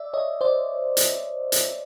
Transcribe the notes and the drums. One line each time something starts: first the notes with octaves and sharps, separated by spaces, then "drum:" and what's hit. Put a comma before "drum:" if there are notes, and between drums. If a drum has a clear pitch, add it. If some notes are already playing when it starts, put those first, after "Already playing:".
Already playing: D5 E5
C#5 D#5
C5 D5
drum: hi-hat
drum: hi-hat